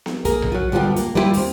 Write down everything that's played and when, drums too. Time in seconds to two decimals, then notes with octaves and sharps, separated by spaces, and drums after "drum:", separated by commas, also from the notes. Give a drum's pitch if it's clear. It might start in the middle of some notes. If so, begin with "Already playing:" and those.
0.06 drum: snare B3
0.25 A#3 G#4 A#4, drum: kick, hi-hat
0.42 drum: tom B1
0.52 F#3 F4
0.72 D2 G3 B3 E4 F4 G4
0.96 A#3, drum: hi-hat
1.15 G3 A#3 B3 E4 F4 G4
1.34 D#2 C4, drum: open hi-hat